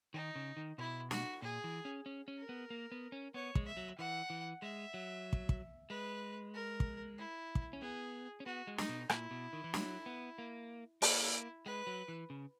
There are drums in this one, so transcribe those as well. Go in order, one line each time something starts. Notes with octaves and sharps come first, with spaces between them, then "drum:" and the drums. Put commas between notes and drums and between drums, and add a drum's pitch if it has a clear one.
D#3 D#4
C#3
D#3
B2 E4
F#4, drum: snare
A#2 G#4
E3
C#4
C#4
C#4
A#4
B3
A#3
B3
C#4
B3 C#5
G#3, drum: kick
E5
F#3
E3 F#5
E3
G#3 E5
F#3
drum: kick
drum: kick
G#3 B4
A#4
drum: kick
E4
drum: kick
C#4
B3 G#4
C#4
B3 F#4
G#3
D#4, drum: snare
B2
A#2 E4, drum: rim click
B2
D#3
E3
F#3, drum: snare
B3
A#3
A#3 E4, drum: open hi-hat
G#3 B4
F#3
E3
C#3